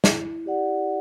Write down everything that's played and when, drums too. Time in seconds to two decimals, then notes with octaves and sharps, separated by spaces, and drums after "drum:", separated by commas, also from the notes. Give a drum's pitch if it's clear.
0.04 E4, drum: snare
0.46 G4 D5 F#5